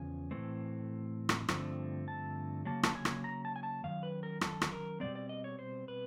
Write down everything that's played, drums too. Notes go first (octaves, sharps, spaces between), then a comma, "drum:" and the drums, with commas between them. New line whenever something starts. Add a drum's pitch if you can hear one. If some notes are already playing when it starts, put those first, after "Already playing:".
Already playing: E2 C#3 F3 G#5
A2 E3 A3 C4
drum: rim click
G2 D3 F3 A3 C4, drum: rim click
A5
C#3 F#3 A#3 A5
A5, drum: rim click
G#5
drum: rim click
A#5
A5
G#5
A5
F#2 D#3 F5
B4
A#4
A4, drum: rim click
drum: rim click
A#4
B2 G3 C4 D5
D5
D#5
C#5
C5
B4